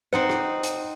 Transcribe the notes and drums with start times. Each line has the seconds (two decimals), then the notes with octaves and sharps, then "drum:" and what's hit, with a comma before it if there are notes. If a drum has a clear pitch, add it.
0.13 C4 D#4 C5 F#5
0.29 drum: rim click
0.63 drum: hi-hat